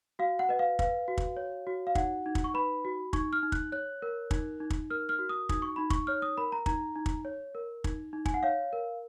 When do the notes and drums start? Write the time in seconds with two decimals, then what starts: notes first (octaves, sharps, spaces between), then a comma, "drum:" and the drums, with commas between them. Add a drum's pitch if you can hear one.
0.19 F#4 F5
0.39 F#5
0.49 B4 D#5
0.59 F5
0.79 B4 F5, drum: kick
1.08 F#4
1.18 drum: kick
1.37 C#5
1.67 F#4
1.87 F5
1.95 D#4 F#5, drum: kick
2.26 D#4
2.35 drum: kick
2.44 C#6
2.54 B4 B5
2.85 F#4
3.13 D#4 C#6, drum: kick
3.33 F6
3.43 D#4
3.52 F#6, drum: kick
3.72 C#5 F#6
4.02 A#4
4.31 D#4, drum: kick
4.60 D#4
4.70 drum: kick
4.90 A#4 F6
5.09 F6
5.19 F#4
5.29 D#6
5.49 D#4 D#6, drum: kick
5.62 C#6
5.76 D#4 B5
5.90 C#6, drum: kick
6.07 C#5 F6
6.22 D#6
6.37 A#4 B5
6.52 A#5
6.66 D#4 A#5, drum: kick
6.96 D#4
7.06 drum: kick
7.25 C#5
7.55 A#4
7.84 D#4, drum: kick
8.13 D#4
8.26 G#5, drum: kick
8.34 F#5
8.43 C#5 F5
8.73 A#4